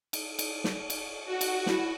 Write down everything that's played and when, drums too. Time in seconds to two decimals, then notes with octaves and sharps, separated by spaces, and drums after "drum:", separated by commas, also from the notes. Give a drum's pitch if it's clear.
0.13 drum: cymbal
0.39 drum: cymbal
0.64 drum: snare
0.90 drum: cymbal
1.25 F#4
1.41 drum: cymbal
1.66 E4, drum: snare